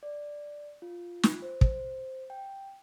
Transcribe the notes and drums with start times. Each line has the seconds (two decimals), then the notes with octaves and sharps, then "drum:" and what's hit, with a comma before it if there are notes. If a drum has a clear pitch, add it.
0.03 D5
0.82 F4
1.23 drum: snare
1.42 C5
1.61 C5, drum: kick
2.30 G5